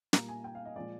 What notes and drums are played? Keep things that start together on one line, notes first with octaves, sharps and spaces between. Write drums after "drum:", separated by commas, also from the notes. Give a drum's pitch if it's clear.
A#2 G3 A#3 A#5, drum: snare
G#5
G5
F5
D#5
A#2 F3 G#3 D5